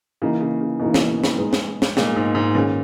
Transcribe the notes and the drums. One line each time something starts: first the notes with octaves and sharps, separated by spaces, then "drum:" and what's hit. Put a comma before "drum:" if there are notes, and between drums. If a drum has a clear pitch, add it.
C#3 E3 A#3 D#4
C#3
C#3
B2 E3 A#3 D#4
drum: snare
drum: snare
G#3 B3 D#4
drum: snare
drum: snare
A#2 G#3 B3 D#4, drum: snare
G#2
G#2
A#2 D#3 G#3 C#4 G#4 B4